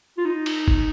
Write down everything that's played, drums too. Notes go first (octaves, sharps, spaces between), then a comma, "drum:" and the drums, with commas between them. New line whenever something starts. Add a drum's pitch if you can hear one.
F4
D#4
drum: cymbal
drum: kick